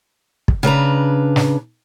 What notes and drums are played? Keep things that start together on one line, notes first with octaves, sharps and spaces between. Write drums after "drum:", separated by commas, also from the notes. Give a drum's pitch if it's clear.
drum: kick
C#3 D4 B4 A#5
drum: snare